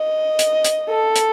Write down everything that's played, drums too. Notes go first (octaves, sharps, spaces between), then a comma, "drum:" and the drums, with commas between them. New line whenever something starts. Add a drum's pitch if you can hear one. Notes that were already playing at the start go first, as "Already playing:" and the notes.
Already playing: D#5
drum: hi-hat
drum: hi-hat
A4
drum: hi-hat